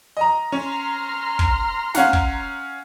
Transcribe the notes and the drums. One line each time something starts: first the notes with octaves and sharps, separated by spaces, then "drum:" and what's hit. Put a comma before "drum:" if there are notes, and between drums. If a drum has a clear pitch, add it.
D#5 A#5
C#4 A#5 C6 F6
drum: kick
C#4 F5 F#5, drum: snare
drum: kick